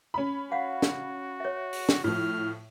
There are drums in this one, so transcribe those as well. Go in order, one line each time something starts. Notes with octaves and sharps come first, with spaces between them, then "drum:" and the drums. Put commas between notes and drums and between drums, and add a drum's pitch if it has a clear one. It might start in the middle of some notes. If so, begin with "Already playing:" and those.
C#4 B5
F#4 F5 F#5
drum: snare
C#5 E5
drum: open hi-hat
drum: snare
A2 F3 F6